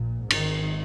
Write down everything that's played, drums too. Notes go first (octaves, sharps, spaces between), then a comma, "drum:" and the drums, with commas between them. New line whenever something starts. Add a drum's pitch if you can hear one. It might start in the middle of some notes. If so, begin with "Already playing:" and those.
Already playing: A#1 A#2
G#1 G#2 D#3, drum: cymbal